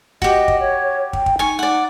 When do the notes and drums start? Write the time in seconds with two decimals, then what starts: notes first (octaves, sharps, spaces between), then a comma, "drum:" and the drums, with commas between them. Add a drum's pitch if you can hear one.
0.22 F#4 G4 D#5, drum: kick
0.48 drum: kick
0.59 C#5
1.13 G5, drum: kick
1.26 drum: kick
1.39 D#4 G#5 C#6
1.59 D5 F#5